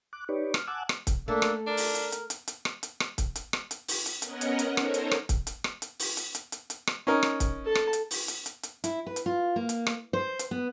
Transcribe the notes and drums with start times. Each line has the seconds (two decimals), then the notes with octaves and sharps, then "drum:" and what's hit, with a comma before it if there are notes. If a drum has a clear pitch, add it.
0.13 D6 F#6
0.29 D#4 G4 B4 C#5 D5
0.54 F6, drum: rim click
0.67 F#5 G#5 A5 D6 E6 F#6
0.89 drum: rim click
1.07 drum: kick C#1, hi-hat
1.28 A3 A#3 D4 A4
1.42 drum: rim click
1.67 D4 A#4
1.77 drum: open hi-hat
1.95 drum: hi-hat
2.12 drum: hi-hat
2.30 drum: hi-hat
2.48 drum: hi-hat
2.65 drum: rim click
2.83 drum: hi-hat
3.00 drum: rim click
3.18 drum: kick C#1, hi-hat
3.36 drum: hi-hat
3.53 drum: rim click
3.71 drum: hi-hat
3.88 drum: open hi-hat
4.06 drum: hi-hat
4.22 B3 C#4 A#4 C#5 D#5 F#5, drum: hi-hat
4.41 drum: hi-hat
4.59 drum: hi-hat
4.77 D#4 A4 A#4 C5 C#5, drum: rim click
4.94 drum: hi-hat
5.11 drum: rim click
5.29 drum: kick C#1, hi-hat
5.47 drum: hi-hat
5.64 drum: rim click
5.82 drum: hi-hat
5.99 drum: open hi-hat
6.17 drum: hi-hat
6.35 drum: hi-hat
6.52 drum: hi-hat
6.70 drum: hi-hat
6.87 drum: rim click
7.07 C#4 D#4 A#4
7.23 drum: rim click
7.40 drum: kick C#1, hi-hat
7.65 A4 A5
7.75 drum: rim click
7.93 drum: hi-hat
8.11 drum: open hi-hat
8.28 drum: hi-hat
8.46 drum: hi-hat
8.63 drum: hi-hat
8.84 E4, drum: hi-hat
9.06 B4
9.16 drum: hi-hat
9.26 F4
9.56 A#3
9.69 drum: hi-hat
9.87 drum: rim click
10.13 C5
10.39 drum: hi-hat
10.51 B3